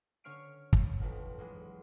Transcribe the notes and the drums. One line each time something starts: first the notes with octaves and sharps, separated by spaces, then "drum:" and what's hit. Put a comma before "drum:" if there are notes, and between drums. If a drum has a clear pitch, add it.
D3 C#4 C#5 F6 C7 D7
drum: kick
B1 F2 B2
E2 F#3 G#3